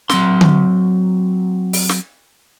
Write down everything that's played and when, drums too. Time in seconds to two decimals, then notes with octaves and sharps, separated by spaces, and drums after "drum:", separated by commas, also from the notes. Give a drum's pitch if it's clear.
0.10 F#3 C4 C6, drum: snare
0.41 drum: tom D3
1.73 drum: open hi-hat
1.89 drum: snare